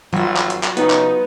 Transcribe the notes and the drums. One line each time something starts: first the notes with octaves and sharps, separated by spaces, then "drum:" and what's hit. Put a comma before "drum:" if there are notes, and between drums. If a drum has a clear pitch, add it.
G#1 F#3 F4
drum: clap
drum: hi-hat
drum: clap
C#3 B3 D#4, drum: hi-hat
drum: clap